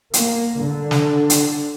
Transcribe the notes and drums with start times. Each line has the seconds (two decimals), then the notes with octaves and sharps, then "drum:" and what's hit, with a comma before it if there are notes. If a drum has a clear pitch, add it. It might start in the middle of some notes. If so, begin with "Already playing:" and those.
0.14 A#3, drum: hi-hat
0.61 D3
0.91 drum: snare
1.30 drum: hi-hat